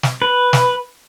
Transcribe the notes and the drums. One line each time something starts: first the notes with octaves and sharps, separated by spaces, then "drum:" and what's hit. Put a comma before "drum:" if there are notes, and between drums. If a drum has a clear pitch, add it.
drum: snare
B4
drum: snare